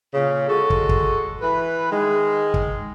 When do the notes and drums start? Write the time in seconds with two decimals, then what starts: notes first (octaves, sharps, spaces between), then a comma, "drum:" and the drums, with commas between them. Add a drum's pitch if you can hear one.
0.14 A#2 C#3
0.49 G#3 F#4 A4
0.70 drum: kick
0.89 drum: kick
1.41 E3 B4
1.91 D#3 G#3
2.54 drum: kick